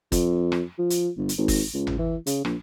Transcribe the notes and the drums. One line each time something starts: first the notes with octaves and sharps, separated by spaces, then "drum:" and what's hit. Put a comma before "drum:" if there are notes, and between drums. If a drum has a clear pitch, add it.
F2, drum: kick, hi-hat
drum: rim click
F3
drum: hi-hat
G1
drum: hi-hat
G#1
drum: kick, open hi-hat
C#2
drum: tom G#1
E3
C#3, drum: hi-hat
A#1, drum: rim click